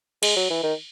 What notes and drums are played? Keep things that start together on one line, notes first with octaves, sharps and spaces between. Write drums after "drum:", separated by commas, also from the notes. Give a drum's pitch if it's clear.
G#3, drum: cymbal
F#3
E3
D#3